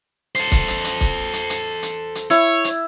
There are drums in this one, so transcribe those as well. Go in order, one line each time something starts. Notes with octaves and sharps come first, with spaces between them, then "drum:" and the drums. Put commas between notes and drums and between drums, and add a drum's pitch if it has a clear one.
A4 C5, drum: hi-hat
drum: kick, hi-hat
drum: hi-hat
drum: hi-hat
drum: kick, hi-hat
drum: hi-hat
drum: hi-hat
drum: hi-hat
drum: hi-hat
E4 C#5, drum: hi-hat
drum: hi-hat